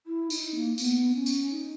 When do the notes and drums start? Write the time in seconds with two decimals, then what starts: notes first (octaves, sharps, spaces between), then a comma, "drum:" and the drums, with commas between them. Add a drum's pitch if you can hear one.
0.06 E4
0.30 D#4, drum: tambourine
0.55 A#3
0.78 B3, drum: tambourine
1.14 C#4
1.26 drum: tambourine
1.51 D#4